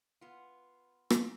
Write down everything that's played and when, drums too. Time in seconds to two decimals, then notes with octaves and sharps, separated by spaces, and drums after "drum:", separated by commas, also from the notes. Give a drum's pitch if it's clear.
0.21 B3 F4
1.10 drum: rim click